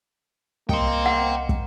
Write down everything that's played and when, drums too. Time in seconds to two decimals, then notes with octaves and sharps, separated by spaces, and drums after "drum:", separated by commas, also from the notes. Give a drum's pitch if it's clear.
0.69 C2 A#3 D#5 G5 C6 C#7, drum: kick
1.06 F#5
1.49 drum: kick